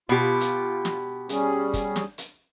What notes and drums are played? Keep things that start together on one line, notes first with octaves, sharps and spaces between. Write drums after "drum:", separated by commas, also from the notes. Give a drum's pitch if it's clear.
B2 F4 G4
drum: hi-hat
drum: snare
G3 C#4 G#4, drum: hi-hat
drum: kick, hi-hat
drum: snare
drum: hi-hat